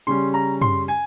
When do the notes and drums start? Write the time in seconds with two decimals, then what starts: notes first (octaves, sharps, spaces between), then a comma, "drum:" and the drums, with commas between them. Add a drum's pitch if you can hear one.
0.07 C#3 G3 C#4 C6
0.34 A#5
0.62 C6, drum: tom
0.88 G#5